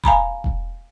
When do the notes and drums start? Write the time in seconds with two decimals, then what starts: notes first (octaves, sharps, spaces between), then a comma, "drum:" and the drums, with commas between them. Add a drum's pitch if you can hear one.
0.04 F5 G#5 A#5 B5, drum: kick E1
0.44 drum: kick E1